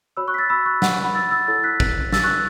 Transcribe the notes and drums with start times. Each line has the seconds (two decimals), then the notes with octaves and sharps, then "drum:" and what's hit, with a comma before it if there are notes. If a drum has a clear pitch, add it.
0.17 F#4 C#5 B5 E6
0.28 C#6 F#6
0.34 B6
0.38 E6 A6
0.50 B5 E6
0.65 C#6 F#6
0.82 F#5, drum: snare
0.93 F#5
1.04 F#5 B5
1.15 E6 A6
1.31 E6 A6
1.47 E4 A4 C#5 E6 A6
1.63 F#6 B6
1.80 drum: kick
2.13 E6 A6, drum: snare
2.23 C#6 F#6